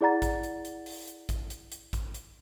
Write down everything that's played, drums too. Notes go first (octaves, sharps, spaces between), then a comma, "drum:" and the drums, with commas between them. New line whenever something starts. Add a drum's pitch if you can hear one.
E4 G#4 D5 F#5 A#5 A6
drum: kick A1, hi-hat
drum: hi-hat
drum: hi-hat
drum: open hi-hat
drum: hi-hat
drum: kick A1, hi-hat
drum: hi-hat
drum: hi-hat
drum: kick A1, hi-hat
drum: hi-hat